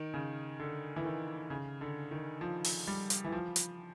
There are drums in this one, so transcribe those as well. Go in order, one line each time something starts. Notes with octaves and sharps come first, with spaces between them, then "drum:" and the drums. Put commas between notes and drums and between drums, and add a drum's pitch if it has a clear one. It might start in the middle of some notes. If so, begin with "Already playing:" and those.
Already playing: D#3
C#3
D3
E3
D#3
C#3
D3
D#3
F3
drum: open hi-hat
G3
drum: hi-hat
E3
F3
drum: hi-hat